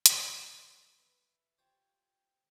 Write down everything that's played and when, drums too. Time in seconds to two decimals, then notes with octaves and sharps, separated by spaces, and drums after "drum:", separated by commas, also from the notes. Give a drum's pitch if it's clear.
0.06 drum: hi-hat
0.16 F#2 D3 E3
0.97 B4 E5
1.58 F4 G4 C5 C#5 G5 A5